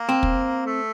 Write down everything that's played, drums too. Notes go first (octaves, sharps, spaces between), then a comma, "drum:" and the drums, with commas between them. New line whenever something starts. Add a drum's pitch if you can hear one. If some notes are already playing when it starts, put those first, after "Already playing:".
Already playing: A#3
C4
drum: kick
A3